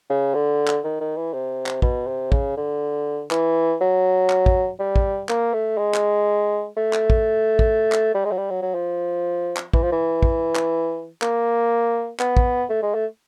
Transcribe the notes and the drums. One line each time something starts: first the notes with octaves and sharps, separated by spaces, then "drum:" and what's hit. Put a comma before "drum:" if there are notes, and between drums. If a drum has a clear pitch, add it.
C#3
D3
drum: clap
D#3
D#3
E3
C3
drum: clap
B2, drum: kick
C3
C#3, drum: kick
D3
E3, drum: clap
F#3
drum: clap
drum: kick
G3
drum: kick
A#3, drum: clap
A3
G#3
drum: clap
A3
drum: clap
drum: kick
drum: kick
drum: clap
G3
G#3
F#3
G3
F#3
F#3
F3
drum: clap
E3, drum: kick
F3
E3
drum: kick
drum: clap
A#3, drum: clap
B3, drum: clap
drum: kick
A3
G#3
A3